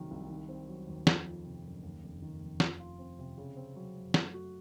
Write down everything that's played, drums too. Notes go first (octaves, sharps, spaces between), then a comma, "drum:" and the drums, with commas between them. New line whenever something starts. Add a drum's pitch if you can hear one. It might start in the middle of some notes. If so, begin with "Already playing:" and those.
Already playing: A#1 C3 D#3 F#3
C2
D#3
C4
F#3
D#2
F2, drum: snare
F3
C3
F#1
D#2
F1
D#3
F1
F3, drum: snare
F4
C4
C3
C#3
C4
F#3
F#2
A3, drum: snare
F#4